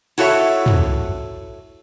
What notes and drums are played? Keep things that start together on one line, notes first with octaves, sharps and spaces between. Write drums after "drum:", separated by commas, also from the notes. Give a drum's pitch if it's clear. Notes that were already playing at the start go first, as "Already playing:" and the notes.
E4 F#4 A4 C#5 E5, drum: cymbal
drum: tom